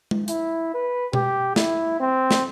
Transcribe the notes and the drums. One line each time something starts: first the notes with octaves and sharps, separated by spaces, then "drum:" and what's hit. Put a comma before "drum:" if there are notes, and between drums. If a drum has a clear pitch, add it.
drum: tom G#3
E4, drum: hi-hat
B4
G4, drum: tom B2
E4, drum: snare
C4
drum: snare